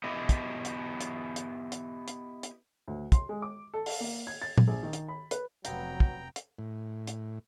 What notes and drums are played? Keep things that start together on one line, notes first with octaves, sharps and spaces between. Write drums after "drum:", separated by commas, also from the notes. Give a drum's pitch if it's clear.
B3 E4 G4 D#5
drum: kick, hi-hat
drum: hi-hat
drum: hi-hat
drum: hi-hat
drum: hi-hat
drum: hi-hat
drum: hi-hat
D2
C6, drum: kick, hi-hat
G#3
D6
A4
drum: open hi-hat
A#3
G#6
A6
drum: tom A#2
A#1
D#3
drum: hi-hat
B5
B4, drum: hi-hat
F1 G2 F#3 B3 C4 G5 A#5, drum: hi-hat
drum: kick
drum: hi-hat
A2
drum: hi-hat